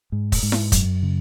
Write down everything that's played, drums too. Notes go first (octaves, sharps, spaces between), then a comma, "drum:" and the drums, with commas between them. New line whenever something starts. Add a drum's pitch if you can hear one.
G#2
drum: kick, open hi-hat
G#2
drum: snare E4
F#2, drum: kick, hi-hat
C#3